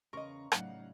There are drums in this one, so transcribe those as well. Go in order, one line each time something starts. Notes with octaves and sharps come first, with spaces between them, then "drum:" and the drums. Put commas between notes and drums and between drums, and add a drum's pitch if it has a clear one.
E2 C#3 C#4 A#4 D#5 A#5 C6 C#6
A2 C#3 F#3 D#4 D5 F5 F#5, drum: rim click